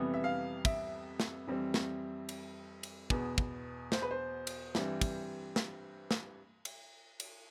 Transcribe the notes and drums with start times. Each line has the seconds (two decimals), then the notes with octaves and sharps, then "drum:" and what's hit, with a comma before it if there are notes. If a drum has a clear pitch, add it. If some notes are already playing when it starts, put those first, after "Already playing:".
Already playing: F2 C3 E3 G3 B3
0.14 E5
0.24 F5
0.65 E5, drum: kick, cymbal
1.20 drum: snare
1.47 F2 E3 G3 C4
1.74 drum: snare
2.29 drum: cymbal
2.83 drum: cymbal
3.10 E2 B2 B3, drum: kick
3.38 drum: kick
3.92 C5, drum: snare
4.02 B4
4.11 C5
4.47 drum: cymbal
4.75 G2 E3 G3 C4, drum: snare
5.01 drum: kick, cymbal
5.56 drum: snare
6.11 drum: snare
6.65 drum: cymbal
7.20 drum: cymbal